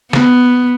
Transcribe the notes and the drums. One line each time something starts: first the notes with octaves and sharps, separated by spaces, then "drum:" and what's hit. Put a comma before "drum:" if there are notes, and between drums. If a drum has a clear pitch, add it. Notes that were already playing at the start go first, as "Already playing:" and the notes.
B3, drum: snare